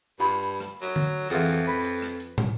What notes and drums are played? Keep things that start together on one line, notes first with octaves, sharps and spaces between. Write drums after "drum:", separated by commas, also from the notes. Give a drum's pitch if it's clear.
G2 F4 B5
drum: hi-hat
drum: rim click
F#3
drum: tom D3
F2 E3 F4 G#4 F#5, drum: hi-hat
B4 B5, drum: hi-hat
drum: hi-hat
drum: rim click
drum: hi-hat
drum: tom